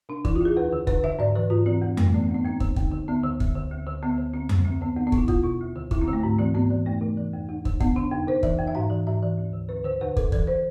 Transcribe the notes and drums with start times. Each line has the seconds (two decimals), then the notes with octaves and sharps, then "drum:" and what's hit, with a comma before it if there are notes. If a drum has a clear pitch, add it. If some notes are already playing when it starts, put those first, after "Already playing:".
0.09 C3 D4
0.25 E3 E4, drum: kick
0.36 F4
0.41 D2 G#4
0.57 E2 B4
0.73 D3
0.87 E2 B4, drum: kick
1.04 D3 E5
1.19 G#2 D5
1.35 E3 B4
1.50 G#2 F4
1.66 E3 C4
1.82 E2 C4
1.97 C3 A3, drum: tom F2
2.14 E3 B3
2.24 C4
2.29 E2
2.35 B3
2.45 F2 C4
2.60 D3, drum: kick
2.76 F2, drum: kick
2.92 D3
3.08 D2 B3
3.24 D3
3.40 D2, drum: kick
3.56 D3
3.71 D2
3.86 D3
4.03 D2 B3
4.18 D3
4.33 D2 C4
4.49 D3, drum: tom F2
4.65 D2 C4
4.81 D3 B3
4.96 E2 B3
5.07 B3
5.12 B2, drum: kick
5.18 E4
5.28 E2 F4, drum: kick
5.44 B2
5.60 D2
5.76 D3
5.91 D2 E4, drum: kick
6.01 C4
6.07 D3
6.13 A3
6.23 G#2
6.39 E3 C4
6.54 G#2 B3
6.70 E3
6.86 F2 A3
7.01 C3
7.17 E3
7.33 F2
7.49 E2
7.65 D3, drum: kick
7.80 E2 B3, drum: kick
7.96 D3 D4
8.12 F2
8.27 C3 C5
8.43 E3 E5, drum: kick
8.59 F2
8.67 E5
8.75 G#2 F5
8.90 E3
9.07 G#2 E5
9.23 E3
9.38 D2
9.53 D3
9.69 D2 B4
9.85 D3 C5
10.01 E2 B4
10.17 C3 A4, drum: kick
10.32 E3 A4, drum: kick
10.47 C5